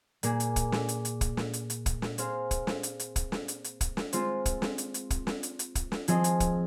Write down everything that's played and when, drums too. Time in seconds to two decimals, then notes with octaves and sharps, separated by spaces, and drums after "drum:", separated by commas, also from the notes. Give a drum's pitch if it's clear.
0.23 A#2 A#3 G#4, drum: hi-hat
0.40 drum: hi-hat
0.56 drum: kick, hi-hat
0.72 drum: snare
0.89 drum: hi-hat
1.05 drum: hi-hat
1.21 drum: kick, hi-hat
1.37 drum: snare
1.53 drum: hi-hat
1.70 drum: hi-hat
1.86 drum: kick, hi-hat
2.02 drum: snare
2.18 C4 G#4 C5 F5, drum: hi-hat
2.51 drum: kick, hi-hat
2.67 drum: snare
2.83 drum: hi-hat
3.00 drum: hi-hat
3.16 drum: kick, hi-hat
3.32 drum: snare
3.48 drum: hi-hat
3.64 drum: hi-hat
3.81 drum: kick, hi-hat
3.97 drum: snare
4.13 G#3 C4 F4 C5, drum: hi-hat
4.46 drum: kick, hi-hat
4.62 drum: snare
4.78 drum: hi-hat
4.94 drum: hi-hat
5.10 drum: kick, hi-hat
5.27 drum: snare
5.43 drum: hi-hat
5.59 drum: hi-hat
5.75 drum: kick, hi-hat
5.92 drum: snare
6.08 F3 C4 G#4 D#5, drum: hi-hat
6.24 drum: hi-hat
6.40 drum: kick, hi-hat